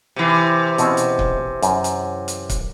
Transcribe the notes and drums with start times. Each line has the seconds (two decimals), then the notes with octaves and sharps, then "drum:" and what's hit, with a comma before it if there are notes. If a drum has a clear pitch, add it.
0.16 C3 E3
0.78 B2 C4 C#4, drum: hi-hat
0.97 drum: hi-hat
1.19 drum: kick
1.62 F#2, drum: hi-hat
1.84 drum: hi-hat
2.28 drum: hi-hat
2.50 drum: kick, hi-hat